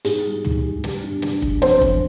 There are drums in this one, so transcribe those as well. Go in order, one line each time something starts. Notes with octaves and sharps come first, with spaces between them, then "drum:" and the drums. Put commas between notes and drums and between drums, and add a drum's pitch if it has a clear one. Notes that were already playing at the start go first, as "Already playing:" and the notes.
G#2 G#4, drum: hi-hat
G3
G#2, drum: tom
G3
G3, drum: snare
G2
G3, drum: snare
G2, drum: kick
F2 C5, drum: snare
F2, drum: kick